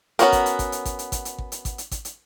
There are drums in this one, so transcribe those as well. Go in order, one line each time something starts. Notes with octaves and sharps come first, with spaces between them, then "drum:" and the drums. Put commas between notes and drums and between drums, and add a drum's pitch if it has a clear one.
B3 C#4 F#4 A#4, drum: hi-hat
drum: kick G#1, hi-hat
drum: hi-hat
drum: kick G#1, hi-hat
drum: hi-hat
drum: kick G#1, hi-hat
drum: hi-hat
drum: kick G#1, hi-hat
drum: hi-hat
drum: kick G#1
drum: hi-hat
drum: kick G#1, hi-hat
drum: hi-hat
drum: kick G#1, hi-hat
drum: hi-hat